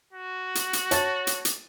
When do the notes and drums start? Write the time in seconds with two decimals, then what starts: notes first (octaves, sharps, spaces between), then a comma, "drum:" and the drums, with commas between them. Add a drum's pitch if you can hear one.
0.13 F#4
0.55 drum: hi-hat
0.73 drum: hi-hat
0.91 C#5 A5 A6, drum: hi-hat
1.27 drum: hi-hat
1.45 drum: hi-hat